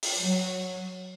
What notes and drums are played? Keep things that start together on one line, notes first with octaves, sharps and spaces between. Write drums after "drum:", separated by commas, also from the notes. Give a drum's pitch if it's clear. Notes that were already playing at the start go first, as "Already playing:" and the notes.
drum: open hi-hat
F#3